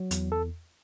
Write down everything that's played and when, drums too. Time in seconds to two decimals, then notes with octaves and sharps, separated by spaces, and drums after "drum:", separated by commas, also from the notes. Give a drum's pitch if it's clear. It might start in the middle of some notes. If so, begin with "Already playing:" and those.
Already playing: F#3
0.11 E2, drum: hi-hat
0.32 A4